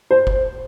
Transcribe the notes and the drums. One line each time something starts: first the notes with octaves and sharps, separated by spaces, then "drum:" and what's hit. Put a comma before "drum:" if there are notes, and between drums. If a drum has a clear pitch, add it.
C5
drum: kick F#1